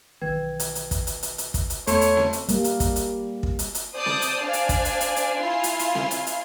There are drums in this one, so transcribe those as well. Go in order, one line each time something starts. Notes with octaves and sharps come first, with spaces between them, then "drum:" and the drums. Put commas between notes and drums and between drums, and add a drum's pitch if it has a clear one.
B1 D#3 E3 B4 G5 G#6
drum: hi-hat
drum: hi-hat
drum: kick, hi-hat
drum: hi-hat
drum: hi-hat
drum: hi-hat
drum: kick, hi-hat
drum: hi-hat
E2 A3 B3 C#5 A5 B5 C6, drum: hi-hat
drum: hi-hat
drum: snare C4
drum: hi-hat
G3 A#3, drum: hi-hat
drum: hi-hat
drum: kick, hi-hat
drum: hi-hat
drum: kick
drum: hi-hat
drum: hi-hat
C5 D5 A5 D#6 G6
drum: snare C4
drum: hi-hat
D4 C5 D5 F5 G#5
drum: hi-hat
drum: kick, hi-hat
drum: hi-hat
drum: hi-hat
drum: hi-hat
E4 F4 F5 G#5 C6
drum: hi-hat
drum: hi-hat
drum: snare C4
drum: hi-hat
drum: hi-hat